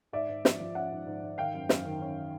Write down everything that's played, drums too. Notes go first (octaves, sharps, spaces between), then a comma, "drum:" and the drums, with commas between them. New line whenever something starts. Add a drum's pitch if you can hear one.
G#2 D5 E5
G#2
F3, drum: snare
F3
C#4 E5 F#5
G#2
G#2
G#2
D#3 F5 G5
F#2
F#2, drum: snare
D#3
C#4